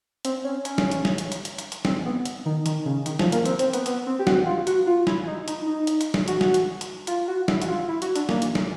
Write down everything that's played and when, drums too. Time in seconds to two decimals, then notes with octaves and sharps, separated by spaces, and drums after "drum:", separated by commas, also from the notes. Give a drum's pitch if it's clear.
0.25 C4, drum: hi-hat
0.44 C#4
0.65 C#4, drum: hi-hat
0.78 drum: snare
0.91 drum: hi-hat
1.05 drum: snare
1.18 drum: hi-hat
1.32 drum: hi-hat
1.45 drum: hi-hat
1.58 drum: hi-hat
1.72 drum: hi-hat
1.85 C4, drum: snare
2.05 B3
2.25 drum: hi-hat
2.46 D#3
2.66 D#3, drum: hi-hat
2.86 C#3
3.06 D#3, drum: hi-hat
3.19 F3, drum: snare
3.32 A#3, drum: hi-hat
3.45 C4, drum: hi-hat
3.59 C4, drum: hi-hat
3.73 B3, drum: hi-hat
3.86 B3, drum: hi-hat
4.07 C4
4.19 G4
4.27 F#4, drum: snare
4.46 F4
4.67 F#4, drum: hi-hat
4.87 F4
5.07 E4, drum: snare
5.27 D#4
5.48 D#4, drum: hi-hat
5.67 D#4
5.87 drum: hi-hat
6.01 drum: hi-hat
6.14 drum: snare
6.28 F#4, drum: hi-hat
6.41 drum: snare
6.54 drum: hi-hat
6.81 drum: hi-hat
7.07 F4, drum: hi-hat
7.28 F#4
7.48 E4, drum: snare
7.62 F#4, drum: hi-hat
7.68 F4
7.88 E4
8.02 F#4, drum: hi-hat
8.16 D4, drum: hi-hat
8.29 A#3, drum: snare
8.42 drum: hi-hat
8.55 drum: snare